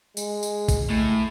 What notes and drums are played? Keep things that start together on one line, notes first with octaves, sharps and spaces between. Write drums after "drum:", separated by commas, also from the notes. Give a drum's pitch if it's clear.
G#3, drum: tambourine
drum: tambourine
drum: kick, tambourine
A2